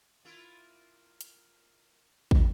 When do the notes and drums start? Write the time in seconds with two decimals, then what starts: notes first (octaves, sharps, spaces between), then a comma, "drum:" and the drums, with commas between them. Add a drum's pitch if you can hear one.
0.25 A#3 E4 F4
1.21 drum: hi-hat
2.31 drum: kick